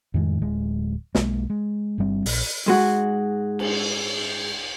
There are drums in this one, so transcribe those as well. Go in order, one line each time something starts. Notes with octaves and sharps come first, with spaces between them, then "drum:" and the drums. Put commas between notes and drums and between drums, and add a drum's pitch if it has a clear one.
F2 A2 D#3 G#3
D1 G#3
B1 G#3 A#3, drum: snare
G#3
G1 G2 G3 C4
A#1, drum: open hi-hat
G#2 G#3 F#4
drum: cymbal